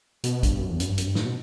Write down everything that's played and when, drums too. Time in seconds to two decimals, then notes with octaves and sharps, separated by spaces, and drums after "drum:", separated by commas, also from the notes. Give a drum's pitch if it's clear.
0.24 B2, drum: hi-hat
0.43 G2, drum: kick A1, hi-hat
0.61 F#2
0.70 E2
0.80 F#2, drum: hi-hat
0.88 G2
0.98 F#2, drum: hi-hat
1.06 G2
1.15 A2, drum: snare
1.25 B2